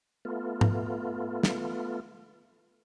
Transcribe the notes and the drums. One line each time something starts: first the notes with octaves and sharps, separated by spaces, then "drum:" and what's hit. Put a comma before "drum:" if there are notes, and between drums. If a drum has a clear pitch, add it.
A3 B3 F4
drum: tom G#2
drum: snare